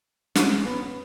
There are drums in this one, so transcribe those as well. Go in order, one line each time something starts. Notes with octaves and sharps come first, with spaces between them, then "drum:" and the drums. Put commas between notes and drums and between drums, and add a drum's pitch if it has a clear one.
C#4, drum: snare
B3